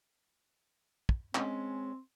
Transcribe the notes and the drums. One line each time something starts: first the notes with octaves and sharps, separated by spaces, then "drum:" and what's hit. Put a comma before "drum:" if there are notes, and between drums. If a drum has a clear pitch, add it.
drum: kick
G#3 C4 C#4, drum: clap